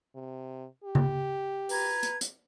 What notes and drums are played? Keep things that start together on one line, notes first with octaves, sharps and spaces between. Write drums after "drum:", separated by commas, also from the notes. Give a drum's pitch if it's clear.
C3
G4
drum: tom C#3
B4 A#5 G#6, drum: open hi-hat
drum: hi-hat
drum: hi-hat